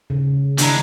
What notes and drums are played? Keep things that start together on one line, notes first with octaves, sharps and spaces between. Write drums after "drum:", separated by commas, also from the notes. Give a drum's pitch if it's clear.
C#3
D#3 G#3 D4 E4 A#5, drum: hi-hat